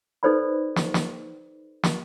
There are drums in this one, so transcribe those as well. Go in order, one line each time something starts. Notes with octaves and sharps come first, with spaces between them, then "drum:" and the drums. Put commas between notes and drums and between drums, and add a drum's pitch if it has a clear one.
D#4 A4 B4 C5 D5 B5
drum: snare
drum: snare
drum: snare